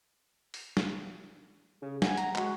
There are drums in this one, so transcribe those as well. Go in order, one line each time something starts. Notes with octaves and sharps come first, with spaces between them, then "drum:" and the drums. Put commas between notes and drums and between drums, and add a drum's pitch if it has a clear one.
drum: open hi-hat
drum: snare
C#3 G#4
F#5 G#5, drum: snare
A#5, drum: hi-hat
G#3 F#4, drum: clap